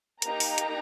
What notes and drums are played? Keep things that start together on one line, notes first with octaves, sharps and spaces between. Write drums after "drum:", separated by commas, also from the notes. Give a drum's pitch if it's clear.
A#3 D#4 G4 A#5, drum: hi-hat
drum: open hi-hat
drum: hi-hat